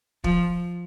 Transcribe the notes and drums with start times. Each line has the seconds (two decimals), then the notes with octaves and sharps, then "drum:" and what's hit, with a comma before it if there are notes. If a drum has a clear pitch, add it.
0.24 F3, drum: kick